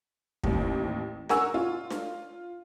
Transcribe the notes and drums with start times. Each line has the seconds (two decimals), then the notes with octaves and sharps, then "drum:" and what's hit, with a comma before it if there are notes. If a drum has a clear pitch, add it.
0.44 A1 D#2, drum: kick
1.29 A#4 F#5 G#5 C#6 E6, drum: snare D4
1.54 F4
1.90 drum: snare D4